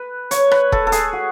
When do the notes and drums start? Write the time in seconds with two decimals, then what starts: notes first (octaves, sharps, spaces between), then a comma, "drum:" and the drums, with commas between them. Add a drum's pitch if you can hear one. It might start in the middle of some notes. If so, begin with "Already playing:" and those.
Already playing: B4
0.31 C#5, drum: hi-hat
0.51 B4, drum: rim click
0.72 A4, drum: kick E1
0.87 A4
0.92 G#4, drum: hi-hat
1.13 F#4